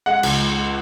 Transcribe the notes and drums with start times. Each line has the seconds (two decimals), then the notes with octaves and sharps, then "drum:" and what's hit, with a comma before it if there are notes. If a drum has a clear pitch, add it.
0.06 G#3 F#5
0.23 C#2, drum: cymbal